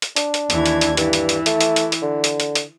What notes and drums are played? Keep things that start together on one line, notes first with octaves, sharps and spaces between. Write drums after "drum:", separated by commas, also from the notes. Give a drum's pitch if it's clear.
drum: hi-hat
D4, drum: hi-hat
drum: hi-hat
D#2 E3 G#6, drum: hi-hat
drum: hi-hat
drum: hi-hat
G2 E3, drum: hi-hat
drum: hi-hat
drum: hi-hat
A3, drum: hi-hat
drum: hi-hat
drum: hi-hat
drum: hi-hat
D3
drum: hi-hat
drum: hi-hat
drum: hi-hat